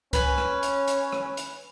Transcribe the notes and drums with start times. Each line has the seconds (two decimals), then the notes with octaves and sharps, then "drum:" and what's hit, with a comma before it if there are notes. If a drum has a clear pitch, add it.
0.13 C#4 B4 G#5, drum: kick C2, hi-hat
0.38 drum: rim click
0.63 drum: hi-hat
0.88 drum: hi-hat
1.12 drum: rim click
1.37 drum: hi-hat